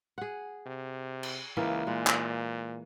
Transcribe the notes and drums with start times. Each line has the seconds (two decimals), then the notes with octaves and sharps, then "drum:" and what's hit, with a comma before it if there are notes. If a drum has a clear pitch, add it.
0.18 G#4 F#5
0.66 C3
1.23 drum: cymbal
1.57 C#2 E3 A#3 E4
1.87 A#2 G#3
2.07 drum: clap